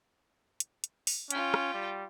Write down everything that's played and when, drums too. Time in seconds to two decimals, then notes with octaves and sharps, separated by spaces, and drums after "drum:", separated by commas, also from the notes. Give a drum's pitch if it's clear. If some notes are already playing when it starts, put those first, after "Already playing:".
0.60 drum: hi-hat
0.84 drum: hi-hat
1.07 drum: open hi-hat
1.30 C#4 F4 G5, drum: hi-hat
1.54 drum: rim click
1.74 G3